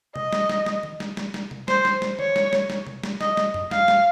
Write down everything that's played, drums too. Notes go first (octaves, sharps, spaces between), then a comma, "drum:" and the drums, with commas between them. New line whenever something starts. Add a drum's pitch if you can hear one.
D#5, drum: tom B2
drum: snare
drum: snare
drum: snare
drum: tom D#3
drum: snare
drum: snare
drum: snare
drum: tom B2
C5, drum: snare
drum: snare
drum: snare
C#5, drum: tom D#3
drum: snare
drum: snare
drum: snare
drum: tom B2
drum: snare
D#5, drum: snare
drum: snare
drum: tom F#2
F5, drum: snare
drum: snare